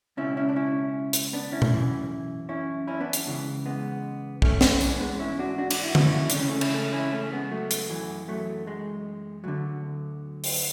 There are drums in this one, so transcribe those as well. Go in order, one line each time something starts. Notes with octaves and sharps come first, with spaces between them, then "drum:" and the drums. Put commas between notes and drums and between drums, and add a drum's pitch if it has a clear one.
C#2 B2 C#4 E4
C#4 E4
D4
C#4 E4
drum: hi-hat
B3 D4
C#4 E4
drum: tom B2
F#2 E3
C#4 E4
C#4 E4
B3 D4
drum: hi-hat
C#2 C#3 E3
G#3 B3
A3 C#4, drum: kick
A3 C#4, drum: snare
G#2 E3 B3 D4, drum: tambourine
G#3 B3
C#4 E4
D4 F#4
D4 F#4
D4 F#4, drum: cymbal
E4
F#4, drum: tom
C#4 E4
D4, drum: hi-hat
C#2 C#3 E3 A3 C#4
A3 C#4
C#4 E4, drum: cymbal
A3 C#4
C#4 E4
A3 C#4
G#3 B3
F#3 A3
drum: hi-hat
F#2 E3
F#3 A3
G#3
D2 D3 F#3
drum: open hi-hat